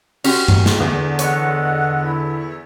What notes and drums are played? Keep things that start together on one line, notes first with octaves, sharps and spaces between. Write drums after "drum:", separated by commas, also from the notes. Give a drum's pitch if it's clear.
C#4 F#4 G4, drum: cymbal
drum: tom G2
drum: snare
E2 D3
A4 C#5 D#5 F#5, drum: hi-hat
E4